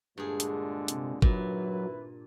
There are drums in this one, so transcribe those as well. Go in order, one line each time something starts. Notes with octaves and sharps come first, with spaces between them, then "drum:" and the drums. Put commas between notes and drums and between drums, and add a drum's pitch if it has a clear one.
G2 A#2 D3 G#3 G#4
drum: hi-hat
C3, drum: hi-hat
G#1 A#2 F#3 E4 B4, drum: kick